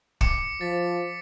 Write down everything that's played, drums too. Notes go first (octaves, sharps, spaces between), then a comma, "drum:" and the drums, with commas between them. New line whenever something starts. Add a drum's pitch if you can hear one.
D6 C#7, drum: kick
F3 A6 B6